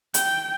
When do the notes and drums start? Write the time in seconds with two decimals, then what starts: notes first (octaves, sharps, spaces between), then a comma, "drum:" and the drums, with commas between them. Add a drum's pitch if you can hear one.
0.14 G5, drum: hi-hat